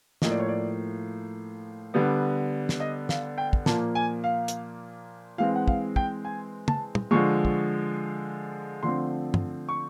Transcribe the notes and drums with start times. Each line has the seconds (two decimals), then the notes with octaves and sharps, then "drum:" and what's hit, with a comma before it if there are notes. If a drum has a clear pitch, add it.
0.22 A2 F3 A#3 D#5, drum: snare
0.31 D5
0.40 C#5
0.48 D5
1.94 D3 G3 B3
2.69 drum: snare
2.80 D#5
3.09 F5, drum: snare
3.38 G5
3.53 drum: kick
3.66 A#2 F3 A#3 A5, drum: snare
3.95 G#5
4.24 F5
4.48 drum: hi-hat
5.38 E3 G#3 C4 F5
5.56 F#5
5.68 F5, drum: kick
5.96 G5, drum: kick
6.25 G#5
6.68 A5, drum: tom
6.95 drum: tom
7.11 D3 F3 G#3 C#6
7.45 drum: kick
8.83 D3 F3 A3 C4 C6
9.34 drum: tom
9.69 C#6